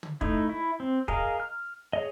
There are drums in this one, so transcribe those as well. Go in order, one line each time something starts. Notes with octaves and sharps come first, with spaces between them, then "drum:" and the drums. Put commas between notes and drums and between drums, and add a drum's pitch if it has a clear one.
drum: tom
A3 D#4 E4, drum: kick
E4
C4
G#4 A#4 D#5 F5, drum: kick
F6
G#4 C#5 D#5